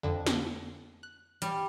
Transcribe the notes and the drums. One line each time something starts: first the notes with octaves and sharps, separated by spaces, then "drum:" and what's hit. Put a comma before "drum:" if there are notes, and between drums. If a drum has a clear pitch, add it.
F2 D3
drum: snare
F#6
G3, drum: hi-hat